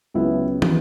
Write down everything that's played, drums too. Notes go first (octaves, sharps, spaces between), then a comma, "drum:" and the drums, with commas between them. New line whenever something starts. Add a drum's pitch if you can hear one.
C#2 C#3 F#3 B3 E4
E3 B3, drum: tom